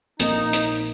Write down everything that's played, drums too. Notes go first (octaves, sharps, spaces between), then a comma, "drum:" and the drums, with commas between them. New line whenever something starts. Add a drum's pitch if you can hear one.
A#1 A#2 A#3 D#4, drum: hi-hat
drum: hi-hat